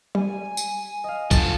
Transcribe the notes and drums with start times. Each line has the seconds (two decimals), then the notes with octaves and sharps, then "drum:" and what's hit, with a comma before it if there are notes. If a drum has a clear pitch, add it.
0.15 G3 G#5
0.57 drum: tambourine
1.04 D#5 F5
1.31 F3 F#3 A4, drum: kick, tambourine